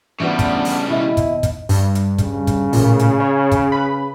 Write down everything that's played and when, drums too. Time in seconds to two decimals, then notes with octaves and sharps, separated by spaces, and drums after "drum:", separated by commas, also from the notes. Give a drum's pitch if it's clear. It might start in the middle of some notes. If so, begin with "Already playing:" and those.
0.20 C#3 E3 G3 B3 D4 F4 C5
0.39 drum: kick, hi-hat
0.65 drum: open hi-hat
0.88 D#2 B2 E4 D#5
1.17 drum: kick, hi-hat
1.43 drum: kick, hi-hat
1.69 G2, drum: open hi-hat
1.95 drum: hi-hat
2.18 C#3, drum: kick, hi-hat
2.47 drum: kick, hi-hat
2.73 A1 A#2, drum: open hi-hat
2.99 drum: hi-hat
3.20 C#5
3.52 drum: kick, hi-hat
3.72 B4 B5